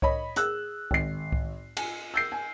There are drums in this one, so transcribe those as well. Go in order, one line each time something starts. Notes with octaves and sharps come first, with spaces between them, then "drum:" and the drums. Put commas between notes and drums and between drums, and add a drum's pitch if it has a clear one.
C#5 D#5 B5, drum: kick C2
G#4 E6 F#6, drum: hi-hat
G#1 C7, drum: kick C2
drum: kick C2
G#5, drum: cymbal
E6 G6 C7
G#5